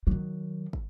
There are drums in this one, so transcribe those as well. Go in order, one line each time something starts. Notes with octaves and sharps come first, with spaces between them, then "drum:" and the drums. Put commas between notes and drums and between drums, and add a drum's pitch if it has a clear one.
D#3 F#3
drum: kick